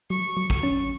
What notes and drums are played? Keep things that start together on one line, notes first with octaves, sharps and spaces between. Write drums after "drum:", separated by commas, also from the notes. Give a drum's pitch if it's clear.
F#3 C#6
F#3
drum: kick
C#4